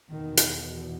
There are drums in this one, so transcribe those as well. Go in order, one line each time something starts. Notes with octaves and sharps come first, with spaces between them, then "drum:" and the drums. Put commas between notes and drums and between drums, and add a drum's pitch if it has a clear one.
E2 B2 D#3
drum: hi-hat